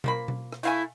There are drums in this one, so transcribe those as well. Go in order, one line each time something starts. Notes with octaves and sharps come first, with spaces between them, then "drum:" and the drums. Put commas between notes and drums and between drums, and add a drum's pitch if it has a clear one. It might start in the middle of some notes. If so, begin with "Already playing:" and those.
F3 A#3 B5, drum: tom B2
drum: tom B2
drum: rim click
A3 E4 F5 G#5